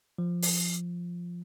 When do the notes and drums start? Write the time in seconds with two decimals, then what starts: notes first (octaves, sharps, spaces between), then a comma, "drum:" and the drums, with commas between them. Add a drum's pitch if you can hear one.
0.18 F3
0.42 drum: open hi-hat